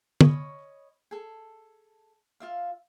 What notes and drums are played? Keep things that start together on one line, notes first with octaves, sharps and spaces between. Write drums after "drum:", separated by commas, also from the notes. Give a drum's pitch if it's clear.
C#5 D#5 B5 C#6, drum: tom
G#4 A4
F4 E5 F5